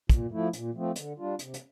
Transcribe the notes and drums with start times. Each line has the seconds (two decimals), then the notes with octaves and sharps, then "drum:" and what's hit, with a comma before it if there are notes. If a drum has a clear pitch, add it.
0.10 A#2, drum: kick, hi-hat
0.31 F3 A3 E4
0.53 A#2, drum: hi-hat
0.74 F3 A3 C4
0.96 D3, drum: hi-hat
1.18 G3 D4 F4
1.39 C3, drum: hi-hat
1.54 drum: hi-hat